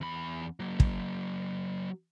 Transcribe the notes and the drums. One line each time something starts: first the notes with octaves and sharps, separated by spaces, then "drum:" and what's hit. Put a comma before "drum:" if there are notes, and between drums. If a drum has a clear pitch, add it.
E2 B5
F#3 A#3
drum: kick